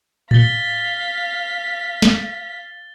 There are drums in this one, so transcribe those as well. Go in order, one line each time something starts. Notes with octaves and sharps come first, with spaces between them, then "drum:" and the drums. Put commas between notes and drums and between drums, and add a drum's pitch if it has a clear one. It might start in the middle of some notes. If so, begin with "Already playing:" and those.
F5 A6 B6 G7, drum: tom A2
drum: snare